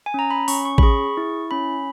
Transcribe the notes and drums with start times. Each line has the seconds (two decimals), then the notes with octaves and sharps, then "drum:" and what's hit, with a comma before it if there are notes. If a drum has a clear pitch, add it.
0.06 G#5
0.14 C#4 A#5
0.31 B5
0.48 C#4 C#6, drum: open hi-hat
0.65 C#6
0.78 B5, drum: kick A1
0.83 G#4 C#6
1.17 E4
1.51 C#4 B5